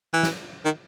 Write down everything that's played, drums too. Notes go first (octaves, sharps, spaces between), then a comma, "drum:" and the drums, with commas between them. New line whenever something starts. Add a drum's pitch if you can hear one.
E3
drum: snare
D#3